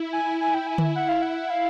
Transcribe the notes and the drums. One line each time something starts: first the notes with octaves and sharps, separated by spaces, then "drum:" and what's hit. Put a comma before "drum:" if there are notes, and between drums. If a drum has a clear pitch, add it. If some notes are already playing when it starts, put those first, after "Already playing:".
Already playing: E4
G#5
G#5
G5
G#5
drum: tom D3
F#5
F5
F#5
F5